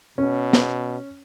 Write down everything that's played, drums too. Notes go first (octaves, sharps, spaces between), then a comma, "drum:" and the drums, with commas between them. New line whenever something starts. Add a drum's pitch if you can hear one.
B2 C#4
drum: snare